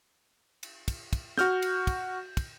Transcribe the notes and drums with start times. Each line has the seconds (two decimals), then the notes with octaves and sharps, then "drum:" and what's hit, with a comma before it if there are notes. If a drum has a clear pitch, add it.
0.63 drum: cymbal
0.88 drum: kick, cymbal
1.13 drum: kick, cymbal
1.38 F#4 F6 G6, drum: snare
1.62 drum: cymbal
1.87 drum: kick, cymbal
2.37 drum: kick, cymbal